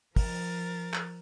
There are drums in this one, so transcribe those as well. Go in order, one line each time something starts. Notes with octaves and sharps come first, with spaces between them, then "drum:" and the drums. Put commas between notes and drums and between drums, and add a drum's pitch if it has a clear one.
F3 A#4 A6, drum: kick, open hi-hat
drum: clap